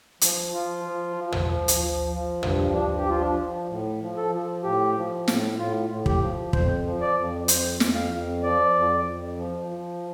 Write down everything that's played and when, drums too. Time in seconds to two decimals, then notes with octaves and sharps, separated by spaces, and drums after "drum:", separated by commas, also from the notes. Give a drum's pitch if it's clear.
0.21 F3, drum: hi-hat
0.53 F3 F4
0.85 F3
1.17 F3
1.32 drum: tom
1.48 F3
1.68 drum: hi-hat
1.80 F3
2.11 F3
2.43 G2, drum: tom
2.74 F3 D4
2.97 G4
3.06 F3 F4
3.21 D4
3.37 F3
3.69 A2
4.01 F3
4.17 A4
4.32 F3
4.63 A2 G4
4.96 F3
5.28 A2, drum: snare
5.58 A2 F4
5.90 A2
6.06 G4, drum: kick
6.21 F3
6.53 F2 C5, drum: kick
6.85 F3
7.01 D5
7.17 F2
7.48 F2 C5, drum: hi-hat
7.80 F2, drum: snare
7.95 F5
8.12 F2
8.43 F3 D5
8.74 F2
9.06 F2
9.37 F3
9.69 F3